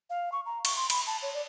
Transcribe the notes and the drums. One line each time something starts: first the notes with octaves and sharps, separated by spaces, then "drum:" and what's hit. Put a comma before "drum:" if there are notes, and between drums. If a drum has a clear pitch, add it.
F5
C#6
A#5
C#6, drum: cymbal
C6
B5, drum: cymbal
A5
C#5
D5